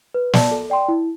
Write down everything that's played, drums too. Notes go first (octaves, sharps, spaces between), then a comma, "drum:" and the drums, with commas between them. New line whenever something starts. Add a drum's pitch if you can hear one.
B4
D5 A5, drum: snare
A4
D5 G5 C6
E4